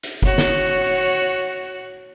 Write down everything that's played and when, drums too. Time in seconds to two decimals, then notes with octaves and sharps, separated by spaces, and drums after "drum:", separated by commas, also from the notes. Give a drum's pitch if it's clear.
0.03 drum: hi-hat
0.22 F#4 C#5, drum: kick F#1
0.38 drum: snare
0.83 drum: open hi-hat